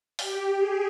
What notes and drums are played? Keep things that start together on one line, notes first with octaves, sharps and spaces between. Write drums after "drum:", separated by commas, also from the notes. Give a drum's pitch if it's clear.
G4, drum: open hi-hat
G#4